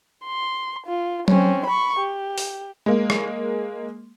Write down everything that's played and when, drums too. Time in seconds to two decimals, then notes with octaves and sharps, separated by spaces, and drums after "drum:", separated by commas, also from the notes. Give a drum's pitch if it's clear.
0.25 C6
0.86 F4
1.28 C4 C#4, drum: tom F#3
1.66 B5 C#6
1.99 G4
2.38 drum: open hi-hat
2.86 G#3 A#3
3.10 drum: rim click